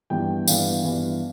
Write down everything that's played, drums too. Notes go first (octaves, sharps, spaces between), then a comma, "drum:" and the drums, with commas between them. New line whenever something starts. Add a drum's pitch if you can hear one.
G2 E3 B3 G5
G2 E3 B3 F5, drum: tambourine
G2 E3 B3